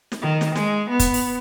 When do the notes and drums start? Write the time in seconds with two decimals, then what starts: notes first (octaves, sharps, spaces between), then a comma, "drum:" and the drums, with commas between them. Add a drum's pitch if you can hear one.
0.12 drum: snare
0.22 D#3
0.41 drum: snare
0.56 G#3, drum: snare
0.90 B3
0.99 drum: kick, hi-hat
1.14 drum: open hi-hat